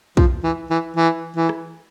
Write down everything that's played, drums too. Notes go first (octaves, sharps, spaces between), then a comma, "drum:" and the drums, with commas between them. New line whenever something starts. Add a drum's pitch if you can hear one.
F3, drum: kick
E3
E3
E3
E3
drum: rim click